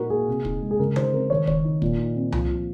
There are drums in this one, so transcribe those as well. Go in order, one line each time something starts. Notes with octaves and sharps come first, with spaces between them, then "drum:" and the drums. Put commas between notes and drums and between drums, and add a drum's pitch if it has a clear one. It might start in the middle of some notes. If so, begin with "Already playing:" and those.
Already playing: A#2 D#4 F#4 A#4
A#3 G#4
C3
D#4, drum: kick
G#3
G#4
C#3 A#4
D#4 C5, drum: tom D3
C4 A#4
D#3 C#5
D#3 C#5, drum: kick
D#4
A#2, drum: kick
D#4
C4
F3, drum: tom C2
F3